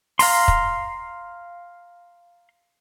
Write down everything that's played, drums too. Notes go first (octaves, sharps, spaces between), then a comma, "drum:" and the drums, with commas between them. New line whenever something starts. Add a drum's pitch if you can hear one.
F5 A#5 C6, drum: open hi-hat
drum: kick